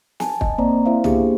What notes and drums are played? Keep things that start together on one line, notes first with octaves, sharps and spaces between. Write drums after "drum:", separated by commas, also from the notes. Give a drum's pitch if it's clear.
G#5 A5, drum: snare
D#5, drum: kick
A#3 C4 C5 D5 A#5
E4 C5 E5 F5
A#3 B3 D4 G4 G#4 C5, drum: tom